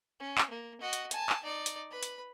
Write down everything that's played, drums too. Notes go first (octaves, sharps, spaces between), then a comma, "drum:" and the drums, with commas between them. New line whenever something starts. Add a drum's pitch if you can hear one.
C#4
drum: clap
A#3
F#4 D#5
drum: hi-hat
G#5 A5, drum: hi-hat
drum: clap
D#4 D5
drum: hi-hat
B4 B5
drum: hi-hat